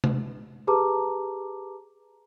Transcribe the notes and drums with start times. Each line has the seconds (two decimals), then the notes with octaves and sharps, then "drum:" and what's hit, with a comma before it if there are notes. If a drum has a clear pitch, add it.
0.04 drum: tom C3
0.67 G4 G#4 B4 A5 A#5 D6